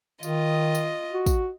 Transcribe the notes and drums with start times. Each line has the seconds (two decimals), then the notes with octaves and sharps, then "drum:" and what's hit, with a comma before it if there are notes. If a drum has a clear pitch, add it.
0.23 D#3 F4 D#5, drum: tambourine
0.75 drum: tambourine
1.13 F#4
1.26 drum: kick, tambourine